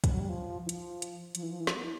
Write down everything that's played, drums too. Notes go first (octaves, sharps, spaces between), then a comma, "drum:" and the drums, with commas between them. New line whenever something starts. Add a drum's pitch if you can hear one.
F3, drum: kick, hi-hat
F#3
G3
F3
E3
F3, drum: hi-hat
drum: hi-hat
F3, drum: hi-hat
E3
F3
E3
F3, drum: snare
B3
E4